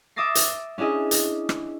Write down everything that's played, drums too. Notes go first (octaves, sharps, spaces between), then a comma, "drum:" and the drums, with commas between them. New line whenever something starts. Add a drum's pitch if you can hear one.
E5 D6 D#6 A6 A#6 C7
drum: hi-hat
C#4 D4 E4 G#4 D#5
drum: hi-hat
drum: rim click